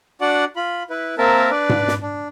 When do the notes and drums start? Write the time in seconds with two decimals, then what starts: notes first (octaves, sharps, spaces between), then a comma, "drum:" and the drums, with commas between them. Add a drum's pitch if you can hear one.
0.21 D4 F#4 D5 F#5
0.56 F4 B5
0.90 E4 B4
1.18 A#3 C4 A#4 E5 A5
1.50 D4 B4 D5
1.69 drum: tom G#2
1.88 drum: snare
2.02 D4